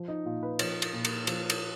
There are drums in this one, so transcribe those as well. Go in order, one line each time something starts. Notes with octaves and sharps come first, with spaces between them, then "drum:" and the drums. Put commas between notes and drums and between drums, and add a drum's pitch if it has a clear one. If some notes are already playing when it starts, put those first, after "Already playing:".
Already playing: F3
D#4
A#2 F4
B4
F3 C#5, drum: cymbal
drum: cymbal
A#2
drum: cymbal
F3, drum: cymbal
drum: cymbal